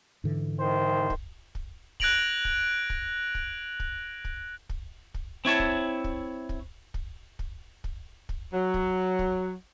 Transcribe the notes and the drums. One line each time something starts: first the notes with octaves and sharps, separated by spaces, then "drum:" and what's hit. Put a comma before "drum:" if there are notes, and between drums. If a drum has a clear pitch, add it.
G#2 D3 E3
C2 D#3 C5
drum: kick
drum: kick
F#6 G#6 A#6 D7 F7 F#7, drum: kick
drum: kick
drum: kick
drum: kick
drum: kick
drum: kick
drum: kick
drum: kick
C4 E4 C#5 A5
drum: kick
drum: kick
drum: kick
drum: kick
drum: kick
drum: kick
drum: kick
F#3
drum: kick
drum: kick